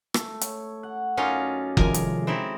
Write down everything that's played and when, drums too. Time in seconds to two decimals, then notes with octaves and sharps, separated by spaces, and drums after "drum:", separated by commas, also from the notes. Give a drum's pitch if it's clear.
0.14 A3, drum: rim click
0.41 C#5, drum: hi-hat
0.83 F#5
1.17 F#2 C#4 D#4 F4 D5
1.77 C3 D#3 F3 G#3 G#4 A#4 G#5, drum: kick F#1
1.94 drum: hi-hat
2.27 C4 D#4 E4